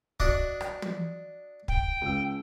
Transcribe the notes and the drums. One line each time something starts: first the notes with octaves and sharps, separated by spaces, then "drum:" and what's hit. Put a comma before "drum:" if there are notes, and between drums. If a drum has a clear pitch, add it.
D4 F#4 D#5, drum: kick
drum: rim click
drum: tom
G5, drum: kick
C#2 E6